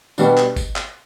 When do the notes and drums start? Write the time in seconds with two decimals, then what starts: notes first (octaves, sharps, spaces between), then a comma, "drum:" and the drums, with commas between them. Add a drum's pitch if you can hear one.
0.18 B2 G3 B3 D4, drum: tambourine
0.37 drum: clap
0.56 drum: kick G#1, tambourine
0.76 drum: clap